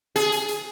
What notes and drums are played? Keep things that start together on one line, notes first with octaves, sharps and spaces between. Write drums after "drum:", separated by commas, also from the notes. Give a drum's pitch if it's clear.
G#4, drum: hi-hat
drum: hi-hat
drum: hi-hat